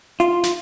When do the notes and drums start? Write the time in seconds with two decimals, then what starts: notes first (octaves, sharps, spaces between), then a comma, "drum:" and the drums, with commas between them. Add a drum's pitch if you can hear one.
0.20 F4, drum: hi-hat
0.43 drum: snare